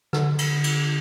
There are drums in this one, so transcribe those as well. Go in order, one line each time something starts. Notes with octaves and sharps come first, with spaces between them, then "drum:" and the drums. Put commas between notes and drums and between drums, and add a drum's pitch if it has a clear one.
D3, drum: rim click
drum: cymbal
drum: cymbal